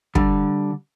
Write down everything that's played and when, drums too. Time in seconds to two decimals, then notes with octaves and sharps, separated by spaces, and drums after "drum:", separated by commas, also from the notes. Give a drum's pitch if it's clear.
0.15 D3 G3, drum: kick